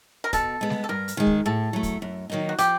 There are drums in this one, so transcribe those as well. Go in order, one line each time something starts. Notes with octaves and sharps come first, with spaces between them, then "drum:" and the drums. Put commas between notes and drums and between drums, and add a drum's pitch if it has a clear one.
A#4
B2 A4, drum: kick, hi-hat
G#3 B3
drum: snare G3
A4
G2 A#4
drum: hi-hat
D#3 G#3
drum: kick
A2 A4
F#3 A3
drum: kick, hi-hat
F#2
D#3 F#3 A#3 D#4
F#4
F3 G4, drum: hi-hat